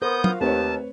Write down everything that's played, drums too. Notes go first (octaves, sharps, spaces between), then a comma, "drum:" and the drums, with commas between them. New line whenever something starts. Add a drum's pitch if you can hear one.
B3 A#4 C5 D#6 G6
F4 F#4 F5, drum: tom
D#2 A3 C4 B4 C#5 A5